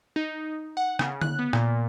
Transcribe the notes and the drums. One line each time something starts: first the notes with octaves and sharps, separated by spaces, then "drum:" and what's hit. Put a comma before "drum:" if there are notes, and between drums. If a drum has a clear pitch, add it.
D#4
F#5
C#3, drum: rim click
F#6, drum: tom D3
B3
A#2, drum: rim click